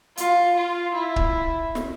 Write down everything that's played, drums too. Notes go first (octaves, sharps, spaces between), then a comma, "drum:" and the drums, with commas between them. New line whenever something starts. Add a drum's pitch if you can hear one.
F4, drum: hi-hat
F4
E4
drum: kick C#1
drum: snare